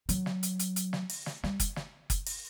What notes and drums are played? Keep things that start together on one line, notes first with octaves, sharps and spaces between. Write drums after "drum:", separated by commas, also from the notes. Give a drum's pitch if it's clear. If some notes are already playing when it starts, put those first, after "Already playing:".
F#3, drum: hi-hat
drum: snare
drum: hi-hat
drum: hi-hat
drum: hi-hat
drum: snare
drum: open hi-hat
drum: snare
G3, drum: snare
drum: kick F#1, hi-hat
drum: snare
drum: kick F#1, hi-hat
drum: open hi-hat